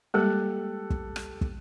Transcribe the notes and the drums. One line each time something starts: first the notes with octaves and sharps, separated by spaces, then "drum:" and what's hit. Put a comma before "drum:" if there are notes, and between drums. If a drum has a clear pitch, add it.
G3 G#3 A#3 G4 A4 F#6
drum: kick
drum: rim click
drum: kick